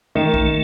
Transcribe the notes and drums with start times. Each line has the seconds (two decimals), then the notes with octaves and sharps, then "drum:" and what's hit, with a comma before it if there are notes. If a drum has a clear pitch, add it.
0.15 D#3 A3
0.34 drum: kick